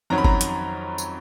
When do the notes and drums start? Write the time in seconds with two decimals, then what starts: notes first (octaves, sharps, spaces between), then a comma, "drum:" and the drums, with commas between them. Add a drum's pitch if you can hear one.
0.10 F2 D#3 F#3 C#4 A#5
0.18 B5
0.25 A#5, drum: kick G1
0.41 drum: hi-hat
0.98 drum: tambourine